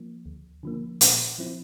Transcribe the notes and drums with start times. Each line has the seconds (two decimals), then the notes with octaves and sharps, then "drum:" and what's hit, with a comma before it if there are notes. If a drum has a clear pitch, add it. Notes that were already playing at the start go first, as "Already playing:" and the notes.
Already playing: F3 A#3
0.26 D2
0.63 D3 F3 A#3
1.01 A#2, drum: hi-hat
1.38 F3 C4 E4